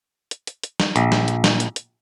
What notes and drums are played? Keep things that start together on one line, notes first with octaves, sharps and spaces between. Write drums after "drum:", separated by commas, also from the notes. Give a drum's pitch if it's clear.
drum: hi-hat
drum: hi-hat
drum: hi-hat
drum: snare
A#1, drum: hi-hat
drum: snare
drum: hi-hat
drum: snare
drum: hi-hat
drum: hi-hat